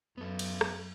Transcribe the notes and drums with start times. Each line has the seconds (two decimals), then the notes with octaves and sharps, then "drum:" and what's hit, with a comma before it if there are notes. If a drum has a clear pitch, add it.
0.18 F#2 B3 A4
0.39 drum: cymbal
0.61 drum: rim click